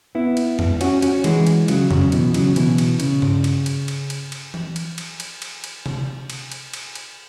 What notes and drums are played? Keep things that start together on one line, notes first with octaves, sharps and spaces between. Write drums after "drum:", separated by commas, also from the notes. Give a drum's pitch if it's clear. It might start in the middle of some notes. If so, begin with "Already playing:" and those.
B3 E4
drum: cymbal
drum: tom F2
C#4 F#4, drum: cymbal
C#4 F#4, drum: cymbal
E3 G#3, drum: cymbal
drum: cymbal
C#3 F#3, drum: cymbal
C#3 F#3, drum: tom F2
B2 E3, drum: cymbal
C#3 F#3, drum: cymbal
B2 E3, drum: cymbal
drum: cymbal
C#3, drum: cymbal
drum: tom G2
drum: cymbal
drum: cymbal
drum: cymbal
drum: cymbal
drum: cymbal
drum: tom E3
drum: cymbal
drum: cymbal
drum: cymbal
drum: cymbal
drum: cymbal
drum: tom C3
drum: cymbal
drum: cymbal
drum: cymbal
drum: cymbal